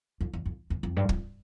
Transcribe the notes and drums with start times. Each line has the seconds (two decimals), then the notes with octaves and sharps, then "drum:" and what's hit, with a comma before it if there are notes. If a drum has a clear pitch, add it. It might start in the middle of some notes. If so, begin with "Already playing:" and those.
0.21 F2
0.33 E2
0.46 F2
0.70 E2
0.83 F2
0.97 G2
1.09 F2, drum: kick